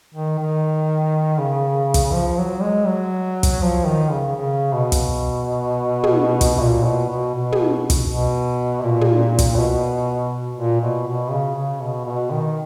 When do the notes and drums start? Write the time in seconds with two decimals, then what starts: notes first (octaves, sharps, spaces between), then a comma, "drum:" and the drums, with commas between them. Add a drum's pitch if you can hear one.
0.14 D#3
0.39 D#3
1.38 C#3
1.94 drum: kick, hi-hat
2.12 F3
2.38 F#3
2.62 G#3
2.87 F#3
3.43 drum: kick, hi-hat
3.62 F3
3.86 D#3
4.12 C#3
4.36 C#3
4.73 B2
4.92 drum: kick, hi-hat
6.04 drum: tom
6.41 drum: kick, hi-hat
6.60 A#2
6.85 B2
7.09 B2
7.34 B2
7.52 drum: tom
7.90 drum: kick, hi-hat
8.08 B2
8.83 A#2
9.01 drum: tom
9.39 drum: kick, hi-hat
9.57 B2
10.56 A#2
10.81 B2
11.06 B2
11.30 C#3
11.55 C#3
11.80 B2
12.05 B2
12.31 D#3